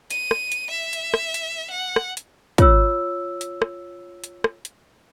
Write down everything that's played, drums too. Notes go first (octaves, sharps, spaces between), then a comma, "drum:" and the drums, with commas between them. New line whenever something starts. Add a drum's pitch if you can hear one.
D#7, drum: hi-hat
drum: rim click
drum: hi-hat
E5
drum: hi-hat
drum: rim click
drum: hi-hat
F#5
drum: rim click
drum: hi-hat
F4 C#5 E6, drum: kick, hi-hat
drum: hi-hat
drum: rim click
drum: hi-hat
drum: rim click
drum: hi-hat